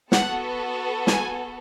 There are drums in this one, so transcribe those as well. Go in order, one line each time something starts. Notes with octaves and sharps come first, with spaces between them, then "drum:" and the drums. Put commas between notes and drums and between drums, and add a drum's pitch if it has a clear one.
B3 F#4 A4 F#5, drum: snare
G#5, drum: snare